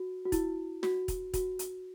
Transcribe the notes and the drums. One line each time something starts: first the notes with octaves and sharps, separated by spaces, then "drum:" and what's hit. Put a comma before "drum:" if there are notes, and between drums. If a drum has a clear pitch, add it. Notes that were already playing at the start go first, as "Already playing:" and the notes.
Already playing: F#4
F#4
E4, drum: kick, hi-hat
F#4, drum: snare
drum: kick, hi-hat
F#4, drum: kick, hi-hat
drum: hi-hat